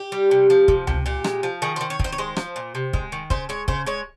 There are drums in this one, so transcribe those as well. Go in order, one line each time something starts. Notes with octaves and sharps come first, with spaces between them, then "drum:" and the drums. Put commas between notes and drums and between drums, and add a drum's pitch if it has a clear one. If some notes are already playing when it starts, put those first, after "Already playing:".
Already playing: G4
G3
C3
F3
C3, drum: kick
C3, drum: tom C#2
A#2 G4
G#3, drum: rim click
F3
D#3 G#4
D#3 C5
C#5
D#3 C5, drum: kick
C#5
G#3 C5
F3, drum: rim click
A#2
C3
G#3, drum: kick
D#3
C#3 C5, drum: kick
G#3 C#5
C#3 C5, drum: kick
G#3 C#5